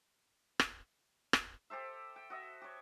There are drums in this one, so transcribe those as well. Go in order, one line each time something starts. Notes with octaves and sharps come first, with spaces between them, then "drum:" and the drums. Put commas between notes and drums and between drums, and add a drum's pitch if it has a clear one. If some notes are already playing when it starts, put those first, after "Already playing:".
drum: rim click
drum: rim click
G4 A4 C5 E5
G5
F#4 D#5 E5
G4 C#5